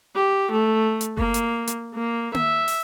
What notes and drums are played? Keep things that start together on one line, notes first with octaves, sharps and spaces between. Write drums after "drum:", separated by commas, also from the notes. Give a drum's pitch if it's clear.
G4
A3
drum: hi-hat
A#3, drum: kick F#1
drum: hi-hat
drum: hi-hat
A#3
E5, drum: tom A#3
drum: open hi-hat